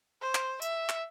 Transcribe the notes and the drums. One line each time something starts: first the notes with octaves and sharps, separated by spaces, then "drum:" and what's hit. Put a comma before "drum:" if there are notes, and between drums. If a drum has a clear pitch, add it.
C5
drum: clap
E5, drum: tambourine
drum: clap